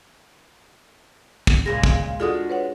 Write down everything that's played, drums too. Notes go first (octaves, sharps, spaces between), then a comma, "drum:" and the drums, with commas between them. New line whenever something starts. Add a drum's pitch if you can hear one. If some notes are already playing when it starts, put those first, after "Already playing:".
drum: kick
A#2 C#3 G#3 A#6
drum: kick
G#3 D4 F4 F#4 A4 D#6
B4 C#5 F#5